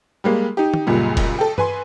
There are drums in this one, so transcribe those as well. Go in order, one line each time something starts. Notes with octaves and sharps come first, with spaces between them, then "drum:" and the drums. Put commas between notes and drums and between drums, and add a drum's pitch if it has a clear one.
G3 G#3 A#3
D#4 G4
drum: tom
C#2 F#2 A#2 G3
drum: kick F1, cymbal
A4 G5
B4 G#5 C6, drum: tom G2